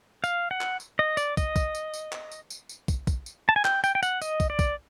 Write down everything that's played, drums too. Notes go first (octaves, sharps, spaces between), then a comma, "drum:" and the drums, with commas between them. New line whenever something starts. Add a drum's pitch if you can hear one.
F5, drum: tambourine
F#5
drum: clap
drum: tambourine
D#5
D5, drum: tambourine
D#5, drum: kick, tambourine
drum: kick, tambourine
drum: tambourine
drum: tambourine
drum: clap
drum: tambourine
drum: tambourine
drum: tambourine
drum: kick, tambourine
drum: kick, tambourine
drum: tambourine
A5
G#5
G5, drum: clap
G5, drum: tambourine
G5
F#5, drum: tambourine
D#5, drum: tambourine
drum: kick, tambourine
D5
drum: kick, tambourine